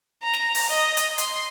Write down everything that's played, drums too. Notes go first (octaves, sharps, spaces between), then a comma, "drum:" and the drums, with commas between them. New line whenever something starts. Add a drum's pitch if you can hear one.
A#5
drum: snare
drum: open hi-hat
D#5
drum: hi-hat
C6, drum: hi-hat